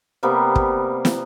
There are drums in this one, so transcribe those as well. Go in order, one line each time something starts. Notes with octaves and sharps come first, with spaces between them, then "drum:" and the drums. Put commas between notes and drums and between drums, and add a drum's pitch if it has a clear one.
C3 G3 A#3 B3
drum: kick
drum: snare